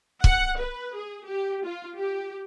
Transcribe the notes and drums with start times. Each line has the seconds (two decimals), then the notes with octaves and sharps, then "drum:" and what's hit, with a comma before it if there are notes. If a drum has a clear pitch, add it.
0.24 F#5, drum: kick
0.59 B4
0.96 G#4
1.27 G4
1.66 F4
1.98 G4